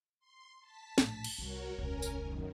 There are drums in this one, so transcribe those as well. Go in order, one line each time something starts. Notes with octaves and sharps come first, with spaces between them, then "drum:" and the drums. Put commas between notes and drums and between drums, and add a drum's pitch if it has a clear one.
C6
A5 B6
A#1 A2, drum: snare
drum: cymbal
C2 G3 F#4 A#4 C#5
E1 C#2 C#4 A#4 G#5
drum: tambourine
F#2 D#3